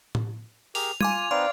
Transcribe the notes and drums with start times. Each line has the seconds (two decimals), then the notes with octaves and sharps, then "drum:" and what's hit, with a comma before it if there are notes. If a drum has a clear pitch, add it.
0.15 drum: tom A2
0.75 G4 G#4 A#4 F7, drum: open hi-hat
1.01 F4 G#5 D6 G#6 D#7, drum: tom G3
1.31 C4 D#4 B4 D5 F5 C6